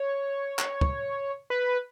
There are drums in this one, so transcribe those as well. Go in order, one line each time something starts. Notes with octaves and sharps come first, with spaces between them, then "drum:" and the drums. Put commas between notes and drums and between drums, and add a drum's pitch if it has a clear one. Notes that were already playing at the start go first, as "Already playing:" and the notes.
Already playing: C#5
drum: clap
drum: kick
B4